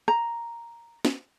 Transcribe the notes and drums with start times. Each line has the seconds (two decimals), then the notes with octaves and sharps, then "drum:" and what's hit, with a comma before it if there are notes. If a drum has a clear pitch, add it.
0.08 A#5, drum: rim click
1.05 drum: snare